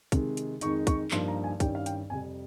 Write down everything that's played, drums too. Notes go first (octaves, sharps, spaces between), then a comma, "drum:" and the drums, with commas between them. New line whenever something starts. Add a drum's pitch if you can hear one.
C3 D#3 G#3, drum: kick, hi-hat
drum: hi-hat
F2 D#3 G#3 D#4 C#6, drum: hi-hat
C#6, drum: kick, hi-hat
G2 F3 A#3 D#4 C6, drum: clap
A#5
G#5
G2 D#3 G3 C#4 G5, drum: kick, hi-hat
F5
G5, drum: hi-hat
F2 C3 G3 G#5